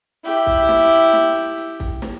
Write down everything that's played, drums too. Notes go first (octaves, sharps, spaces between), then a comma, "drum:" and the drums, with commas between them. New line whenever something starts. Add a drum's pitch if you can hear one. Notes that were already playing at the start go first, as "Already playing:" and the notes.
E4 G4, drum: hi-hat
drum: kick
drum: snare
drum: snare
drum: hi-hat
drum: hi-hat
drum: kick, hi-hat
drum: snare